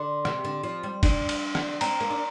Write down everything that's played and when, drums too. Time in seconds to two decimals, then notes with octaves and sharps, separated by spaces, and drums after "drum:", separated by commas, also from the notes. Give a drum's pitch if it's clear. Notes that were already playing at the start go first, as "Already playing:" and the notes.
Already playing: D3 C6
0.25 C3, drum: rim click
0.44 D3
0.63 F3
0.83 G3
1.03 D4, drum: kick, cymbal
1.29 drum: cymbal
1.55 drum: rim click
1.81 C4 A#5, drum: cymbal
2.01 A#3
2.10 D4